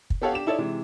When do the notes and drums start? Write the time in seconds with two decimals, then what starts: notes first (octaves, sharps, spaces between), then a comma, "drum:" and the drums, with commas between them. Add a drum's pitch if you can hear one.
0.10 drum: kick
0.22 B3 G4 A4 C#5 F5 F#5
0.33 D4 G4 E7
0.46 D#4 E4 A4 C#5 D5 E5
0.58 C3 E3 G#3